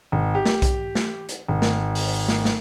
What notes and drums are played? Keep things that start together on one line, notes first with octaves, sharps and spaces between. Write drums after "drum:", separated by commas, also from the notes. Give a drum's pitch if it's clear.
G#1
G4
drum: snare
drum: kick B1, hi-hat
drum: snare
drum: hi-hat
G#1
drum: snare
drum: open hi-hat
drum: snare
drum: snare